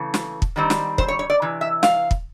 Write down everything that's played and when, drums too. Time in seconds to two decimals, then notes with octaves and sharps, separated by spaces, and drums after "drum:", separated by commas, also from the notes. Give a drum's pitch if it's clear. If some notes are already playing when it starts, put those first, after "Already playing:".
Already playing: C#3 E3 A3
0.14 drum: snare
0.42 drum: kick
0.56 D#3 G3 C4
0.70 drum: snare
0.98 C5, drum: kick
1.08 C#5
1.19 C#5
1.30 D5
1.42 C3 E3
1.61 E5
1.83 F5, drum: snare
2.11 drum: kick